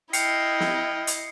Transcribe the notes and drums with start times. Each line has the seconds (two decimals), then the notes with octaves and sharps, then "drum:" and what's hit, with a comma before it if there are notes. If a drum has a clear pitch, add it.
0.13 E4 D#5 G5 F6 C7 C#7, drum: hi-hat
0.60 drum: snare
1.07 drum: hi-hat